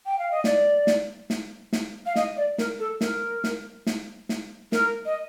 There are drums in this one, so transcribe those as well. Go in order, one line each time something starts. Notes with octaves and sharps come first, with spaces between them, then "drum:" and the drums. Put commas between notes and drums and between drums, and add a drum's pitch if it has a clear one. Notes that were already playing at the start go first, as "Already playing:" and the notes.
G5
F5
D#5
D5, drum: snare
drum: snare
drum: snare
drum: snare
F5
D#5, drum: snare
D5
A#4, drum: snare
A4
A#4, drum: snare
drum: snare
drum: snare
drum: snare
A#4, drum: snare
D#5